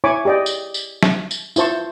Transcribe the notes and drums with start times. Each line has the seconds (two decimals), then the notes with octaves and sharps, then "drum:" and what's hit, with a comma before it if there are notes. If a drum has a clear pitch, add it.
0.04 E4 C#5 G#5 B5 C#6 D6
0.25 G4 G#4 D5 D#5 G5
0.46 drum: tambourine
0.74 drum: tambourine
1.03 drum: snare
1.31 drum: tambourine
1.56 E4 F4 C5 A5 C#6, drum: tambourine